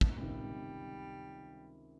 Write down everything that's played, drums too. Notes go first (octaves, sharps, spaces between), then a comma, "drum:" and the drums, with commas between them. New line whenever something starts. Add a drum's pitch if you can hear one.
F3, drum: kick
F#3
C#2 C3 D#3 G3